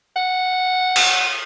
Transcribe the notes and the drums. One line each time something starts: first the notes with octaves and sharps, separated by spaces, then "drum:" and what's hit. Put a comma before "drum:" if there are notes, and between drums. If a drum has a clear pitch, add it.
F#5
drum: cymbal